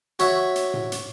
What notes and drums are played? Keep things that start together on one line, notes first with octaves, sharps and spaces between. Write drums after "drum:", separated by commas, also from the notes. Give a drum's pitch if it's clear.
F#4 C#5 E5, drum: hi-hat
drum: hi-hat
drum: tom A2
drum: hi-hat